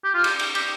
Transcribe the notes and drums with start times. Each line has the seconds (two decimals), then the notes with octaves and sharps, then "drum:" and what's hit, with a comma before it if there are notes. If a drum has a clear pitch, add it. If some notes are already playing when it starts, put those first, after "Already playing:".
0.04 G4
0.14 F4
0.24 G4, drum: cymbal
0.39 drum: cymbal
0.55 G4, drum: cymbal